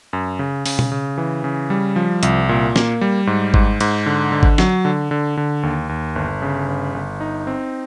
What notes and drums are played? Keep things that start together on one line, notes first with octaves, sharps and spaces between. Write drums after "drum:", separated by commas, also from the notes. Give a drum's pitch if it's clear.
F#2
C#3
C#3, drum: open hi-hat
drum: tom B2
C#3
E3
C#3
G3
F3
C2, drum: hi-hat
A#2
A#3, drum: snare
G3
G#2
G#2, drum: kick G#1
G#2, drum: cymbal
D3
D3
drum: kick G#1
F#3, drum: snare
D3
D3
D3
D#2
D#2
G1
C#3
G1
G1
D#4
C4